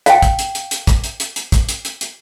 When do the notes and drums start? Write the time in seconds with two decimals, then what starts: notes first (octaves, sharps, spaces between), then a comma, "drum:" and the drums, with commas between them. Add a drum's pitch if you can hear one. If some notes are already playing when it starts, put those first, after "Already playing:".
0.06 F5 G5, drum: hi-hat
0.22 drum: kick, hi-hat
0.39 drum: hi-hat
0.55 drum: hi-hat
0.71 drum: hi-hat
0.87 drum: kick, hi-hat
1.04 drum: hi-hat
1.20 drum: hi-hat
1.36 drum: hi-hat
1.52 drum: kick, hi-hat
1.69 drum: hi-hat
1.85 drum: hi-hat
2.01 drum: hi-hat